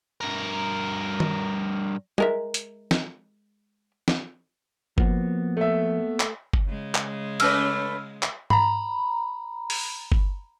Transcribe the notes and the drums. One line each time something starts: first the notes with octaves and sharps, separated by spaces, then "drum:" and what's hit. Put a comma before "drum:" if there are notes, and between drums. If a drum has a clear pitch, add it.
G2 A#4
drum: tom D#3
G#3 A#4 E5, drum: tom
drum: hi-hat
drum: snare
drum: snare
F3 A#3 B3 F#4, drum: kick G1
A3 E5
drum: clap
drum: kick G1
C#3 G#3
drum: clap
A3 C#4 B4 E6 F6, drum: cymbal
drum: clap
A#5 B5, drum: tom G#2
drum: open hi-hat
drum: kick G1